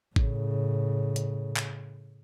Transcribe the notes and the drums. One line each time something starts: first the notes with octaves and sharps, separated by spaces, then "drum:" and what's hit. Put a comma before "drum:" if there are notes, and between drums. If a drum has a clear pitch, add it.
A2 C#3, drum: kick
drum: hi-hat
drum: clap